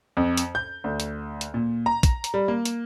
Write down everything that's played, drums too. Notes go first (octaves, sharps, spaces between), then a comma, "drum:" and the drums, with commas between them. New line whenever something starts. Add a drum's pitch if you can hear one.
F2
drum: hi-hat
G6
D2
drum: hi-hat
drum: hi-hat
A#2
A#5
drum: kick, hi-hat
drum: hi-hat
G3
A#3
drum: hi-hat